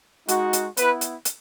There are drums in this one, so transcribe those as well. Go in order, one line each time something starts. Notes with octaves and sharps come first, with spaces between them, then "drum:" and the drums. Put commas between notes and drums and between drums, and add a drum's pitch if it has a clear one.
G#3 D#4 F#4, drum: hi-hat
drum: hi-hat
B3 E4 B4, drum: hi-hat
drum: hi-hat
drum: hi-hat